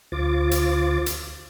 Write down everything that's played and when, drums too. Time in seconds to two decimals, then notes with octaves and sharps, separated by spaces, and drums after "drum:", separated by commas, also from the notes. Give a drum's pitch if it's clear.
0.12 D2 F4 C5 D6 A6
0.51 drum: hi-hat
1.06 drum: hi-hat